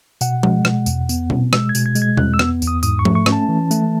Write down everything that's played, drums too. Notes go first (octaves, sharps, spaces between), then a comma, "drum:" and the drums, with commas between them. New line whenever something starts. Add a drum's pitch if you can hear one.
B2 F#5, drum: tambourine
G#3, drum: tom F3
B2, drum: rim click
E2, drum: tambourine
B3, drum: tambourine
B2, drum: tom B2
G#3 E6, drum: rim click
G#6
B2, drum: tambourine
G#6
G#3, drum: tambourine
G#6
E2 F#6, drum: tom B2
E6
B3, drum: rim click
E2, drum: tambourine
D#6
G#2 D#6, drum: tambourine
C#6
A3, drum: tom F3
C#6
C#4, drum: rim click
A5
E3
A3, drum: tambourine